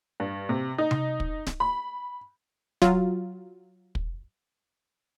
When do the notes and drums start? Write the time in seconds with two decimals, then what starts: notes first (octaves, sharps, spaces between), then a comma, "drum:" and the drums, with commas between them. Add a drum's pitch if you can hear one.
0.20 G2
0.49 C3
0.78 D#4
0.91 drum: tom C3
1.20 drum: kick
1.47 drum: snare D1
1.60 B5
2.82 F#3 F4, drum: snare D1
3.95 drum: kick